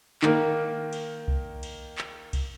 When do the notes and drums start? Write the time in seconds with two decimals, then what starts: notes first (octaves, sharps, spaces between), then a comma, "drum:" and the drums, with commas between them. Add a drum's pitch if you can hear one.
0.22 D#3 A#3, drum: clap
0.93 drum: cymbal
1.28 drum: kick C2
1.63 drum: cymbal
1.98 drum: clap
2.33 drum: kick C2, cymbal